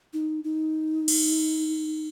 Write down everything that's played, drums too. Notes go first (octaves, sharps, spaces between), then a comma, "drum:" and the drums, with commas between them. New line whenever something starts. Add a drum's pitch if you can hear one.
D#4
D#4
drum: cymbal